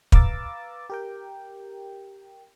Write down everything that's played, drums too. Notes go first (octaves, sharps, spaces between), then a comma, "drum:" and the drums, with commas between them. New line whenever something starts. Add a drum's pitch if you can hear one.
B4 F5 A#5 D6 E6 A6, drum: kick
G4 A#4 G5